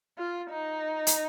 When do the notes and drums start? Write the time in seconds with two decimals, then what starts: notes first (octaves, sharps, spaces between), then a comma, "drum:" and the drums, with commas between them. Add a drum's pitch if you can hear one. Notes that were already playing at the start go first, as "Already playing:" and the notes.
0.18 F4
0.51 D#4
1.07 drum: hi-hat